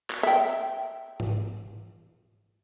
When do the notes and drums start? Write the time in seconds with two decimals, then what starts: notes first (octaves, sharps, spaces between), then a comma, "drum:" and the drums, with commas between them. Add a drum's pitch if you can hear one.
0.10 drum: clap
0.23 E5 G5
1.20 drum: tom G#2